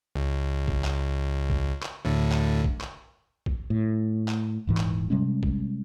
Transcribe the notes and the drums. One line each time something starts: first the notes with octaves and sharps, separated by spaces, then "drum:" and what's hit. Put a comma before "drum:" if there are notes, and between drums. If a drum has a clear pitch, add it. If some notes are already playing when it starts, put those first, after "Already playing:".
C#2
drum: kick A#1
drum: clap
drum: kick A#1
drum: clap
D2 A2 D3
drum: clap
drum: kick A#1
drum: clap
drum: kick A#1
A2
drum: clap
D#1 G#2 E3
drum: clap
C3 G3 G#3 C#4
drum: kick A#1